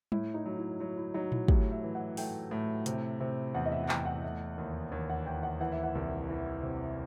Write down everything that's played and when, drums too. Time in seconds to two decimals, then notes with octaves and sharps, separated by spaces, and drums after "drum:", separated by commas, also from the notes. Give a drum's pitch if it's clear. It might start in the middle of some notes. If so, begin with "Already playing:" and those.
0.12 A2 E4, drum: tom
0.34 D#4
0.45 F#3
0.57 E4
0.80 F#3 E4
0.97 E4
1.14 F#3 D#4
1.32 E4, drum: tom A#2
1.48 A2 G4, drum: kick
1.71 E5
1.83 E3
1.95 F#5
2.17 A3 G5, drum: open hi-hat
2.51 A2
2.86 C3, drum: hi-hat
3.20 C3
3.54 E2 F#5
3.65 D#5
3.72 E5
3.84 F#5
3.89 E2 G5, drum: clap
4.05 F#5
4.24 A3
4.58 D#2
4.92 D#2
5.09 F#5
5.26 D#2 G5
5.43 F#5
5.60 E3 F#5
5.72 E5
5.83 F#5
5.95 C2
6.29 E3
6.63 C3